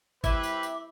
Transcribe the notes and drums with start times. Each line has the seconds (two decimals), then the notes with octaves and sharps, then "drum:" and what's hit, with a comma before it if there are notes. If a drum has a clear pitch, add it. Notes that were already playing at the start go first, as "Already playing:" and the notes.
0.24 C4 E4 G4 B4 E5 D6, drum: kick G1, tambourine
0.43 drum: tambourine
0.63 drum: tambourine